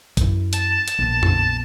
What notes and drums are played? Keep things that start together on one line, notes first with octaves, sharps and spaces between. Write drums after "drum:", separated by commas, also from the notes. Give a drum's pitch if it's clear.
F#2 E4, drum: kick, hi-hat
A5 A6, drum: hi-hat
drum: hi-hat
A#1 B3
drum: tom F2